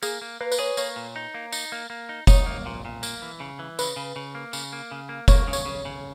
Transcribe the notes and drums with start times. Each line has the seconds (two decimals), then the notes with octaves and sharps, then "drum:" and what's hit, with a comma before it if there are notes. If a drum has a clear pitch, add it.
0.02 A#3 G#4, drum: tambourine
0.21 A#3
0.41 A#3 B4
0.52 B4, drum: tambourine
0.59 G#4 C#5
0.77 A#3 C#5, drum: tambourine
0.96 A#2
1.16 D#4
1.34 A#3
1.52 D#4, drum: tambourine
1.72 A#3
1.90 A#3
2.09 D#4
2.27 D#4 C#5, drum: kick F1, tambourine
2.46 A#3
2.66 A#2
2.85 A#2
3.03 A#3, drum: tambourine
3.22 E3
3.40 C#3
3.59 E3
3.79 C#3 B4, drum: tambourine
3.96 C#3
4.16 C#3
4.35 A#3
4.53 C#3, drum: tambourine
4.73 A#3
4.91 C#3
5.09 A#3
5.28 A#3 C#5, drum: kick F1, tambourine
5.48 C#3
5.53 C#5, drum: tambourine
5.66 C#3
5.85 C#3